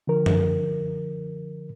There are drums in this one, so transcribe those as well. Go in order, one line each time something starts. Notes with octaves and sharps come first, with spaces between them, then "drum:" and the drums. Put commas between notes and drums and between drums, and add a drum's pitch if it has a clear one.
D3 F3 A#4
drum: tom F#2